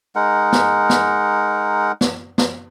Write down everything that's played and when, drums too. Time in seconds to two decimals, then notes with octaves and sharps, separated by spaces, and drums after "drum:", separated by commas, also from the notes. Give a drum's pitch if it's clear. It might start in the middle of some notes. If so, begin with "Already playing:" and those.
0.15 G#3 D#4 A#4 F#5
0.53 drum: snare
0.90 drum: snare
2.01 drum: snare
2.38 drum: snare